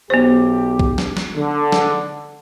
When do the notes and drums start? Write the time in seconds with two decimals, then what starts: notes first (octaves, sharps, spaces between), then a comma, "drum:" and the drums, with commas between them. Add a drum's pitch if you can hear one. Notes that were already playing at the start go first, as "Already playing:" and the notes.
0.10 B1 B3 G4 C5
0.79 drum: kick
0.98 drum: snare
1.17 drum: snare
1.35 D3
1.72 drum: snare